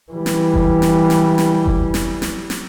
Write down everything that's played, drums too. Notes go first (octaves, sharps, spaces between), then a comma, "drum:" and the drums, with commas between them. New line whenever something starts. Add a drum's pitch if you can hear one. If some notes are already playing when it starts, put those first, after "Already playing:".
E3 G3
drum: snare
drum: kick F1
drum: snare
drum: snare
drum: snare
drum: kick F1
drum: snare
drum: snare
drum: snare